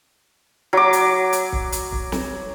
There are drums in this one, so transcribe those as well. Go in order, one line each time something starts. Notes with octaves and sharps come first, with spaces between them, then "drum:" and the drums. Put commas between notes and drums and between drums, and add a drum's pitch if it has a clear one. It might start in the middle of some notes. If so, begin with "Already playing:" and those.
F#3 D6
drum: hi-hat
drum: hi-hat
drum: kick
drum: hi-hat
drum: kick
drum: snare